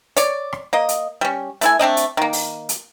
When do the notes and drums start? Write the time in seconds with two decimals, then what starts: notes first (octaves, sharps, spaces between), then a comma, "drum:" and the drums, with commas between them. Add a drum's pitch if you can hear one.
0.17 C#5 D5, drum: hi-hat
0.53 drum: rim click
0.73 A#3 D#5
0.89 drum: hi-hat
1.21 G3 C#4
1.61 A3 E4 G#5, drum: hi-hat
1.79 A3 C4 D4 D#5
1.97 drum: hi-hat
2.17 D#3 A#3
2.33 drum: open hi-hat
2.69 drum: hi-hat